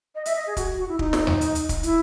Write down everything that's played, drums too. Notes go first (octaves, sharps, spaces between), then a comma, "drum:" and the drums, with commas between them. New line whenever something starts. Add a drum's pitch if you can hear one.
D#5
E5, drum: hi-hat
D#5
G#4
F#4, drum: kick, hi-hat
F#4
E4
D#4, drum: kick
drum: snare
drum: tom D#2
drum: hi-hat
drum: hi-hat
drum: kick, hi-hat
E4, drum: hi-hat